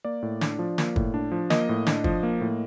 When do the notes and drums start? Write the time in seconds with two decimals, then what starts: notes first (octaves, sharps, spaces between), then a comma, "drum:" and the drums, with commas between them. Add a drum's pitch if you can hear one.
0.05 A#3 D5
0.23 A2
0.41 D4, drum: snare
0.59 F3
0.78 A#3, drum: snare
0.96 A2, drum: kick
1.14 D4
1.32 F3
1.50 A#3 D#5, drum: snare
1.69 A2
1.87 D4, drum: snare
2.04 F3, drum: kick
2.23 A#3
2.41 A2